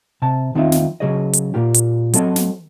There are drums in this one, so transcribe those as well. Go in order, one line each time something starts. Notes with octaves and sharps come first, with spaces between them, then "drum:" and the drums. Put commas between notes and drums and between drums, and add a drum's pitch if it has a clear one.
C3 A5
E2 D#3 C4 D#4 F4 E5
drum: snare
C#3 E3 F#3 G#4 C#5 D#5
drum: hi-hat
A#2 A#3 F4 G4
drum: hi-hat
F#3 C4 A4 D#5, drum: hi-hat
drum: snare